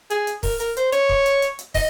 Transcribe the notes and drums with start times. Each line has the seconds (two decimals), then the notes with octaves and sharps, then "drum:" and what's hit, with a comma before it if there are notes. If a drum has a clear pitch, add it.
0.10 G#4, drum: hi-hat
0.27 drum: hi-hat
0.43 A#4, drum: kick, open hi-hat
0.60 A#4, drum: hi-hat
0.77 C5, drum: hi-hat
0.92 C#5, drum: hi-hat
1.09 drum: kick
1.26 drum: hi-hat
1.42 drum: hi-hat
1.59 drum: hi-hat
1.74 D#5, drum: kick, open hi-hat